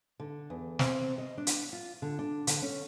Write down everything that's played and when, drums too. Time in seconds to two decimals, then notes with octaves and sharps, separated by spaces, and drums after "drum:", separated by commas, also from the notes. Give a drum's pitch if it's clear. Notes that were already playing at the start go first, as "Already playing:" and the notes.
0.19 D3
0.50 E2
0.79 C4, drum: snare
1.18 D#5
1.38 D4
1.47 drum: hi-hat
1.73 F4
2.02 D3
2.19 D4
2.47 D3, drum: hi-hat
2.62 C#4